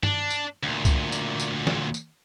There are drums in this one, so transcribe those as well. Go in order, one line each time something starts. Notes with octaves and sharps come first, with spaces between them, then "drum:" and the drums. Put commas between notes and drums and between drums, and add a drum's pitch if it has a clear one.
D4, drum: tom G2
drum: tambourine
D2 A#2
drum: kick, tambourine
drum: tambourine
drum: tambourine
drum: snare
drum: tambourine